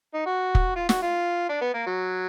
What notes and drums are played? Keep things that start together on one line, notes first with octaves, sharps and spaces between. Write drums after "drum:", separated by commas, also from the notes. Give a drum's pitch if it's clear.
D#4
F#4
drum: kick
F4
F#4, drum: snare
F4
D4
B3
A#3
F#3